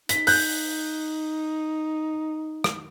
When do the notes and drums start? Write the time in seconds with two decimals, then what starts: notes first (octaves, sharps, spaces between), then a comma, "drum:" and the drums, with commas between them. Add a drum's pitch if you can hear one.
0.09 D#4 B6, drum: hi-hat
0.27 F#6 G6, drum: open hi-hat
2.64 drum: rim click